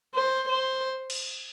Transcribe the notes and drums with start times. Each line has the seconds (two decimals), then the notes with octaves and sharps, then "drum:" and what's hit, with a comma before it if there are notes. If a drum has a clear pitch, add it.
0.15 C5
0.48 C5
1.10 drum: cymbal